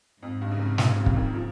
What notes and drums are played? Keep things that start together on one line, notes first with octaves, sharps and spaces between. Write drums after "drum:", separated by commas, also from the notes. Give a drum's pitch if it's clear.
F2 G#2
G2
C#3
C3
A#2, drum: snare
C3
drum: kick
D#3
F3